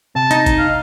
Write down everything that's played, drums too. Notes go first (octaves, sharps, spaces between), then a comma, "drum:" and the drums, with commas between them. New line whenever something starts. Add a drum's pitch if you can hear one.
C3 A5
D#4, drum: hi-hat
drum: kick G1, hi-hat
F5